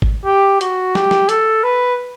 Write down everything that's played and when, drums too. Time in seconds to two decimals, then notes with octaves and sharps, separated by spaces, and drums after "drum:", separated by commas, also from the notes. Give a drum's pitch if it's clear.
0.02 drum: kick G#1
0.26 G4
0.61 F#4, drum: hi-hat
0.95 G4, drum: snare
1.11 drum: snare
1.29 A4, drum: hi-hat
1.63 B4